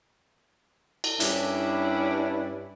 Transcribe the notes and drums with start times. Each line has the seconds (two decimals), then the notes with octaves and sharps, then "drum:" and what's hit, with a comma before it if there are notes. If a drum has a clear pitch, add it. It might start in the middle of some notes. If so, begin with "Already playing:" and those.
1.04 drum: cymbal
1.20 G2 C#4 D4 E4, drum: hi-hat